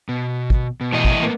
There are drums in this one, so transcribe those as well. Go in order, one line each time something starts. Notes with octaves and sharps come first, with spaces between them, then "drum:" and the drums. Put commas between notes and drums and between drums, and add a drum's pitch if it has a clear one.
B2
drum: kick
B2
A2 E3 D#5
drum: kick
A#3 B3